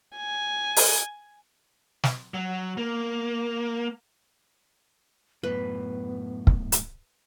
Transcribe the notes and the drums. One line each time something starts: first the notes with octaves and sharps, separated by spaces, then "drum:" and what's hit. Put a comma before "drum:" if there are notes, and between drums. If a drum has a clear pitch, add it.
G#5
drum: open hi-hat
drum: snare
F#3
A#3
F#2 A2 B3 B4
drum: kick
drum: hi-hat